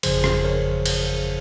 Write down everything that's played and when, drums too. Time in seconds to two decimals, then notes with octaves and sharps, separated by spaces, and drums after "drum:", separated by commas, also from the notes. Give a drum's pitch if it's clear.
0.03 G1 F2 C#3 F3 G#4 C5, drum: cymbal
0.24 drum: rim click
0.44 A#4 C#5
0.86 drum: cymbal